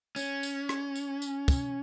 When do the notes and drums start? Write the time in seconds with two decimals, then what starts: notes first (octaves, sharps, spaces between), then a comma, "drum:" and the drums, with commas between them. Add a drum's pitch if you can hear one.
0.16 C#4, drum: tambourine
0.43 drum: tambourine
0.69 drum: rim click
0.96 drum: tambourine
1.22 drum: tambourine
1.48 drum: kick, tambourine